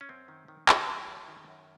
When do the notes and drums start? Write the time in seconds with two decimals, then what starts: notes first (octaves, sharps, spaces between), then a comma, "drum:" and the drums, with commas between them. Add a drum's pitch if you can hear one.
0.01 C#4
0.09 F#2 C4
0.28 D#3
0.48 D#3
0.69 D#3, drum: clap
0.89 F#3
1.08 F#2
1.28 D#3
1.48 F#2